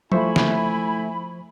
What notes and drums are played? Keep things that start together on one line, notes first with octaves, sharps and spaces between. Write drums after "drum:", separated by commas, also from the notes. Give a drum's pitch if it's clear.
F3 A3 E4 C5 E5 G#5 B5 C#6, drum: tom F#3
drum: snare